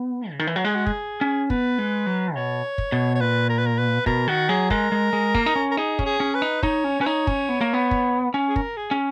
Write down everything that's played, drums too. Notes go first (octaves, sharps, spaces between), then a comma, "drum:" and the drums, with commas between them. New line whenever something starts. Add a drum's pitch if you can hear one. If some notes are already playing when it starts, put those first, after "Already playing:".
Already playing: B3
C#3
D#3
E3
F#3
G#3 G#4
F#4
G#4, drum: kick
C#4
B3 B4, drum: kick
G#3
F#3
B2 C#5
drum: kick
B2
C#5
A#2 B4
A#4
B4
A#4
B4
B2 A#4, drum: kick
D#3 F#4
F#3 G#4
G#3 A#4, drum: kick
G#3
G#3
A#3, drum: kick
D#4
C#4
A#4
D#4 G#4
C#4, drum: kick
G#4
C#4
B4
D#4
D#4 C#5, drum: kick
C#4
C#4 B4
D#4 C#5
C#4, drum: kick
B3
A#3
B3
drum: kick
C#4
G#4
A#4, drum: kick
G#4
C#4